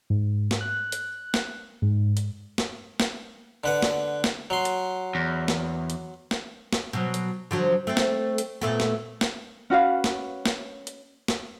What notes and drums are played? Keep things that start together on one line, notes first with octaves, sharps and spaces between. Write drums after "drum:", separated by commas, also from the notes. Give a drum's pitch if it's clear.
G#2
drum: snare
F#6
drum: hi-hat
drum: snare
G#2
drum: hi-hat
drum: snare
drum: snare
D3 B4 F#5
drum: snare
drum: snare
F#3 C6
drum: hi-hat
E2
drum: snare
drum: hi-hat
drum: snare
drum: snare
B2 F#3
drum: hi-hat
D3 F3 F#3
A3 C4
drum: snare
drum: hi-hat
A#2 A3 B3
drum: snare
drum: snare
C#4 F#4 B4 F5
drum: snare
drum: snare
drum: hi-hat
drum: snare